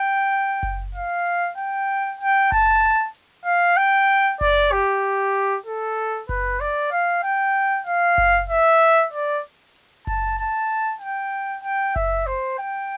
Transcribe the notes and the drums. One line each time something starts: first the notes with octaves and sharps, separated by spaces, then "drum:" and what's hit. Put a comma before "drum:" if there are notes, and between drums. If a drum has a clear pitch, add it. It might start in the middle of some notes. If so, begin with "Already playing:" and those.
Already playing: G5
drum: hi-hat
drum: kick F#1, hi-hat
F5, drum: hi-hat
drum: hi-hat
G5, drum: hi-hat
G5, drum: hi-hat
A5, drum: kick F#1, hi-hat
drum: hi-hat
drum: hi-hat
F5, drum: hi-hat
G5
drum: hi-hat
D5, drum: kick F#1, hi-hat
G4, drum: hi-hat
drum: hi-hat
drum: hi-hat
A4
drum: hi-hat
B4, drum: kick F#1, hi-hat
D5, drum: hi-hat
F5, drum: hi-hat
G5, drum: hi-hat
F5, drum: hi-hat
drum: kick F#1
E5, drum: hi-hat
drum: hi-hat
D5, drum: hi-hat
drum: hi-hat
A5, drum: kick F#1, hi-hat
A5, drum: hi-hat
drum: hi-hat
G5, drum: hi-hat
G5, drum: hi-hat
E5, drum: kick F#1, hi-hat
C5, drum: hi-hat
G5, drum: hi-hat